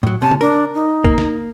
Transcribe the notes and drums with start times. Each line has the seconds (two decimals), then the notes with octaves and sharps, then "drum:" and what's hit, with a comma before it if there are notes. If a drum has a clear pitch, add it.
0.03 A2 F#3
0.22 C3 C#4 A5
0.31 drum: tom C#3
0.41 D4 A#4
0.75 D#4
1.04 A#3, drum: kick
1.18 drum: snare